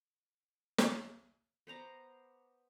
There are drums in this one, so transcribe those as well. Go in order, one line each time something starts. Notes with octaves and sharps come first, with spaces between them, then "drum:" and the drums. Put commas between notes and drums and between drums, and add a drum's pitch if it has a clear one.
drum: snare
B3 C5 A#5 D6